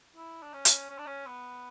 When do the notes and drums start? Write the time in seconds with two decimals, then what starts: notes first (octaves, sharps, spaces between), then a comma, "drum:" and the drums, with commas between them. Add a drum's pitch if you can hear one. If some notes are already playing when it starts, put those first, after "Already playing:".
0.16 E4
0.42 D4
0.54 C#4
0.65 drum: hi-hat
0.89 C#4
0.98 D4
1.06 C#4
1.26 B3